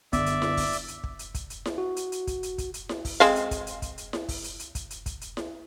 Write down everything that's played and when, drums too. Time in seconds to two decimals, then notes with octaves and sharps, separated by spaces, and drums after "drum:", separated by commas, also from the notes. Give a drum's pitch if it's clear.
0.13 F#2 D3 B3 D5 E5, drum: kick, hi-hat
0.26 drum: hi-hat
0.42 drum: snare E4
0.57 drum: kick, open hi-hat
0.73 drum: hi-hat
0.88 drum: hi-hat
1.04 drum: kick
1.19 drum: hi-hat
1.35 drum: kick, hi-hat
1.50 drum: hi-hat
1.66 drum: snare E4
1.78 F#4
1.96 drum: hi-hat
2.12 drum: hi-hat
2.27 drum: kick, hi-hat
2.43 drum: hi-hat
2.58 drum: kick, hi-hat
2.74 drum: hi-hat
2.89 drum: snare E4
3.05 drum: kick, open hi-hat
3.20 G#3 C4 F5, drum: hi-hat
3.36 drum: hi-hat
3.51 drum: kick, hi-hat
3.67 drum: hi-hat
3.82 drum: kick, hi-hat
3.98 drum: hi-hat
4.13 drum: snare E4
4.29 drum: kick, open hi-hat
4.44 drum: hi-hat
4.59 drum: hi-hat
4.75 drum: kick, hi-hat
4.90 drum: hi-hat
5.06 drum: kick, hi-hat
5.21 drum: hi-hat
5.37 drum: snare E4